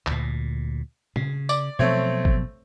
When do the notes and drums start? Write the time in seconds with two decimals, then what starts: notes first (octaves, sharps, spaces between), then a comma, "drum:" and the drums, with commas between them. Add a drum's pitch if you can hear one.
0.07 D2 A#2, drum: clap
1.16 C#3, drum: tom
1.49 D5, drum: tambourine
1.79 B2 F3 F#3 A3 C4 C#5
2.25 drum: kick G#1